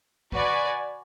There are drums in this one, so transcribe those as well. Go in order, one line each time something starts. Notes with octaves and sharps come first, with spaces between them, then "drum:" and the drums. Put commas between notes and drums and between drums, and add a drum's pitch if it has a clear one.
F#4 B4 D5 G#5, drum: kick C#2